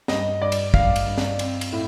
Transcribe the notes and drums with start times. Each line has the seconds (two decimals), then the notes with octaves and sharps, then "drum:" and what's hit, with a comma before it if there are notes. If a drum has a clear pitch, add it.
0.08 G2 D#5, drum: snare
0.41 G2 D5
0.52 drum: cymbal
0.74 G2 F5, drum: kick
0.96 drum: cymbal
1.06 G2
1.18 drum: snare
1.39 C4, drum: cymbal
1.61 drum: cymbal
1.72 A2